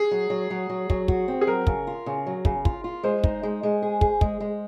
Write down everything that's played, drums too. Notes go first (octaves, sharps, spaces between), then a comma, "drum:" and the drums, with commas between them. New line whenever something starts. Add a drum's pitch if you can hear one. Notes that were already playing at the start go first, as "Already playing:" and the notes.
Already playing: G#4
F#3
F#3
F#3
F#3
F#3, drum: kick
F#4, drum: kick
C4
G#4
F#3 A#4
C#3, drum: kick
F4
C#3
F#3
C#3, drum: kick
F4, drum: kick
F4
G#3 C5
D#4, drum: kick
G#3
G#3
G#4
G#4, drum: kick
G#3, drum: kick
G#3